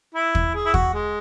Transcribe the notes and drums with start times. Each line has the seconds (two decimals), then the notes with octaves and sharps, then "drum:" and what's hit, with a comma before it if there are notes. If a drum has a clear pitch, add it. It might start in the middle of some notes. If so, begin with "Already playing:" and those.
0.15 E4
0.35 drum: kick
0.54 G#4
0.66 E4
0.74 F#4, drum: kick
0.94 G#3